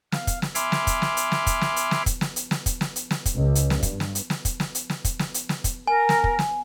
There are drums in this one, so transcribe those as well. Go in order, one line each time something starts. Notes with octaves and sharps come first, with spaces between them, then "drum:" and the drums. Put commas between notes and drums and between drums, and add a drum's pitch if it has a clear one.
F5, drum: snare
drum: kick, hi-hat
drum: snare
E5 G#5 B5 C6 D6 F6, drum: hi-hat
drum: snare
drum: kick, hi-hat
drum: snare
drum: hi-hat
drum: snare
drum: kick, hi-hat
drum: snare
drum: hi-hat
drum: snare
drum: kick, hi-hat
drum: snare
drum: hi-hat
drum: snare
drum: kick, hi-hat
drum: snare
drum: hi-hat
drum: snare
drum: kick, hi-hat
C#2
drum: hi-hat
drum: snare
G2, drum: kick, hi-hat
drum: snare
drum: hi-hat
drum: snare
drum: kick, hi-hat
drum: snare
drum: hi-hat
drum: snare
drum: kick, hi-hat
drum: snare
drum: hi-hat
drum: snare
drum: kick, hi-hat
A#4 G#5
drum: snare
drum: kick
drum: snare